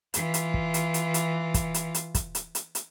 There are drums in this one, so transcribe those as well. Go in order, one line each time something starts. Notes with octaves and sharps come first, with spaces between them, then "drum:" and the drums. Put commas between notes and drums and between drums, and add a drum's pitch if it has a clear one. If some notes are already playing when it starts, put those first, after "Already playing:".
E3 F4, drum: hi-hat
drum: hi-hat
drum: kick
drum: hi-hat
drum: hi-hat
drum: hi-hat
drum: kick, hi-hat
drum: hi-hat
drum: hi-hat
drum: kick, hi-hat
drum: hi-hat
drum: hi-hat
drum: hi-hat